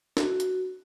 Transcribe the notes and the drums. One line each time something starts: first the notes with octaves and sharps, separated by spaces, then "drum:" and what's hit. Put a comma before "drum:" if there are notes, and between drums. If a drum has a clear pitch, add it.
F#4, drum: snare
drum: hi-hat